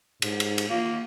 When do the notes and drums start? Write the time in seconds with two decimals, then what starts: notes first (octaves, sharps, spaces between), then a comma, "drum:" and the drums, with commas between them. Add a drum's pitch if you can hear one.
0.22 G#2, drum: cymbal
0.40 drum: cymbal
0.58 drum: cymbal
0.70 A#3 F4